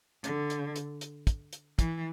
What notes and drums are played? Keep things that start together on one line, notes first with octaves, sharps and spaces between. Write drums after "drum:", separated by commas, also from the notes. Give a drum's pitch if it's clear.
D3, drum: hi-hat
drum: hi-hat
drum: hi-hat
drum: hi-hat
drum: kick, hi-hat
drum: hi-hat
E3, drum: kick, hi-hat